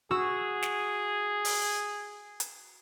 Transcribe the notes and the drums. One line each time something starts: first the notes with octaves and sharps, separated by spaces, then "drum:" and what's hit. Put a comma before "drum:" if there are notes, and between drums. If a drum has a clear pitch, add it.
F#4 G#4 E6
drum: snare
drum: open hi-hat
drum: hi-hat